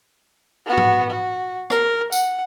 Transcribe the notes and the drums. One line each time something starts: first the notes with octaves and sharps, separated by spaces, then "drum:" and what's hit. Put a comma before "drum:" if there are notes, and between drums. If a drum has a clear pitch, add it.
B3 F#4
drum: tom G#2
F#4
A#4, drum: rim click
F#5, drum: tambourine